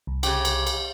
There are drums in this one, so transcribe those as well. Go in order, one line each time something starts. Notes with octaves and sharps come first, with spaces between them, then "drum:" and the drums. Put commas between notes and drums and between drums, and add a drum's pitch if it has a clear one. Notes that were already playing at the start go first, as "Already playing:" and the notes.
C2
C#3 G4, drum: cymbal
drum: cymbal
drum: cymbal